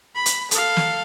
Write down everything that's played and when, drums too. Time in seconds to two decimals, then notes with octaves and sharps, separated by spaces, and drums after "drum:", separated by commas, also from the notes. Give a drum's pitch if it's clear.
0.15 B5
0.26 drum: hi-hat
0.51 A4 F5, drum: hi-hat
0.77 drum: snare